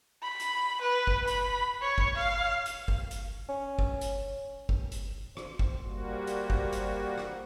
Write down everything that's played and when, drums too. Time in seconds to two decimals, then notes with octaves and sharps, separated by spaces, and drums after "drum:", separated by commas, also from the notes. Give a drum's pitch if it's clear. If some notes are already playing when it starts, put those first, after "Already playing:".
0.22 B5
0.40 drum: hi-hat
0.81 B4
1.07 drum: kick
1.27 B5, drum: hi-hat
1.82 C#5
1.98 drum: kick
2.16 F5
2.66 drum: hi-hat
2.88 drum: kick
3.11 drum: hi-hat
3.49 C#4
3.79 drum: kick
4.01 drum: hi-hat
4.69 drum: kick
4.92 drum: hi-hat
5.37 C5, drum: rim click
5.59 drum: kick
5.86 G3 A#3 F#4
6.27 drum: hi-hat
6.50 drum: kick
6.72 drum: hi-hat
7.18 drum: rim click